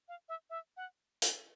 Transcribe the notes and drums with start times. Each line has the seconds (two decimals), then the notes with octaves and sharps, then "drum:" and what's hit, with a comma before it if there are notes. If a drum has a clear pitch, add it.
0.08 F5
0.29 E5
0.50 E5
0.77 F#5
1.22 drum: hi-hat